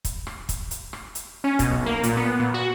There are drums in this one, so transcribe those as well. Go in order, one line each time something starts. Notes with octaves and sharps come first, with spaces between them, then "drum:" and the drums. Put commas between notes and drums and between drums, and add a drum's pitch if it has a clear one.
drum: kick, hi-hat
drum: rim click
drum: kick, hi-hat
drum: hi-hat
drum: rim click
drum: hi-hat
C#4
B2, drum: kick, hi-hat
B1
A#3
A#2, drum: hi-hat
B3
A#2
F#4